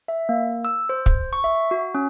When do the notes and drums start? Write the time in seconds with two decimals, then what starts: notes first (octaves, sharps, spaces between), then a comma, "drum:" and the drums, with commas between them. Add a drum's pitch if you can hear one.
0.08 E5
0.29 A#3
0.65 E6
0.89 C5
1.06 drum: kick
1.33 C#6
1.44 E5
1.71 F#4
1.95 C#4